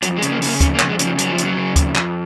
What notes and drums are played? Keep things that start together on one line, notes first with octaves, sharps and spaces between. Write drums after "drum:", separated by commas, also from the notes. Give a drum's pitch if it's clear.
F2 F#3, drum: hi-hat
G#3
C#3, drum: hi-hat
A#3
C#3, drum: open hi-hat
A#3
F2 C#4, drum: kick, hi-hat
A#3
F2, drum: clap
G#3
C#3, drum: hi-hat
F3
F2 F#3, drum: hi-hat
F3
C#3, drum: hi-hat
F#3
C#3
F2, drum: kick, hi-hat
F2, drum: clap